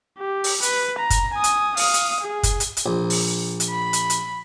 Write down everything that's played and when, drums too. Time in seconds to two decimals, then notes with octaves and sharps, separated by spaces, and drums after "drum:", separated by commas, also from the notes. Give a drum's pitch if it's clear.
0.18 G4
0.44 drum: open hi-hat
0.63 B4, drum: hi-hat
0.98 A#5
1.10 drum: kick, hi-hat
1.34 G#5 D#6
1.44 drum: hi-hat
1.77 F5 D#6, drum: open hi-hat
1.94 drum: hi-hat
2.21 G#4
2.43 drum: kick, hi-hat
2.60 drum: hi-hat
2.77 drum: hi-hat
2.86 A#1
3.10 drum: open hi-hat
3.60 drum: hi-hat
3.70 B5
3.93 drum: hi-hat
4.10 drum: hi-hat